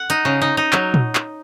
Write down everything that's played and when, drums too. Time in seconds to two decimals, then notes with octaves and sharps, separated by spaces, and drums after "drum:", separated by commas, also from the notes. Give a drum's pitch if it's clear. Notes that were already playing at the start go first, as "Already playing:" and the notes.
Already playing: F#5
0.10 D#4, drum: hi-hat
0.25 C#3
0.42 D#4
0.57 D#4
0.73 F#3, drum: clap
0.94 drum: tom A#2
1.15 drum: clap